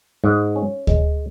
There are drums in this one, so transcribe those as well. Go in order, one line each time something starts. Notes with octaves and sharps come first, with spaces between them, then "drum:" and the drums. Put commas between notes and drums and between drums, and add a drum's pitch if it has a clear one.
G#2
C#4
G#3, drum: kick D2